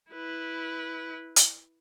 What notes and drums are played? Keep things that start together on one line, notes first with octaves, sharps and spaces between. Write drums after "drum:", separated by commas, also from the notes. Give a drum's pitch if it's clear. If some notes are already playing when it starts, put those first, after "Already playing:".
E4 B4
drum: hi-hat